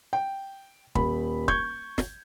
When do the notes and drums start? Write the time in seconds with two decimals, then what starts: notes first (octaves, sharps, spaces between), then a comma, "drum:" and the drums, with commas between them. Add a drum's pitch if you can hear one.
0.13 G5
0.95 D#1 B5, drum: kick
1.48 C#6 G6 G#6, drum: kick
1.98 drum: snare